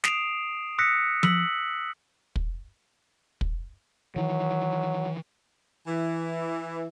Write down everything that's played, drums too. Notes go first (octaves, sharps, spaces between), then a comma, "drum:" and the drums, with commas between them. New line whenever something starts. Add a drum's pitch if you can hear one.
D#6 C7 D7 E7 F7, drum: snare
D#6 E6 F#6 A#6 B6 C#7
E6 B6 F#7, drum: tom F3
drum: kick
drum: kick
D#3 E3 F#3
E3